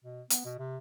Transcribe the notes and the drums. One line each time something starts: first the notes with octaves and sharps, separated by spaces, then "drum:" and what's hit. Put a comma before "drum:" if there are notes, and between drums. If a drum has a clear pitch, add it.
B2
B3, drum: hi-hat
B2
C3